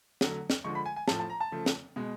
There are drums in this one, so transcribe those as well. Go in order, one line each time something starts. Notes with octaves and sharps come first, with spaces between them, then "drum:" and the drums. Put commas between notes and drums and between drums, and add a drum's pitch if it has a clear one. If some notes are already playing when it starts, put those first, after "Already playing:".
D3 F#3 A3, drum: snare
drum: snare
D3 F3 G#3 C#6
B5
G#5
G#5
A2 F3 A3 A5, drum: snare
A5
A#5
A5
C#3 F3 A3
drum: snare
B2 G#3